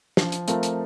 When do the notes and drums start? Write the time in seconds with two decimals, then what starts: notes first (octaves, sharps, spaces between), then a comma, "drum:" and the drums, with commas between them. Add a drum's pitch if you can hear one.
0.17 F3, drum: snare
0.32 drum: hi-hat
0.48 A3 C4 F4 A#4, drum: hi-hat
0.63 drum: hi-hat